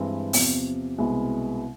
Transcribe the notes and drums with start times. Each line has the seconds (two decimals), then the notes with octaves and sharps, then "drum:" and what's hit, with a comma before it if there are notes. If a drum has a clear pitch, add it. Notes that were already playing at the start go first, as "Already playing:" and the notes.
Already playing: G2 E3 G#3 C4 E4
0.33 E2 C3 F3, drum: open hi-hat
0.98 C2 B2 G#3 B3 E4